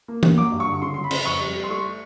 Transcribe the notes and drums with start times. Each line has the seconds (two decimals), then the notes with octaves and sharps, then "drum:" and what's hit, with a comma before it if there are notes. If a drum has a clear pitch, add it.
0.08 A#3
0.23 A#2, drum: tom E3
0.38 F#3 D6
0.52 G2
0.60 C#6
0.67 D3
0.74 C#6
0.82 C#3 C6
0.94 F#3 C6
1.04 B5
1.11 C#3, drum: cymbal
1.26 F2 C#6
1.41 G3
1.55 G3
1.64 C6
1.70 A3 C#6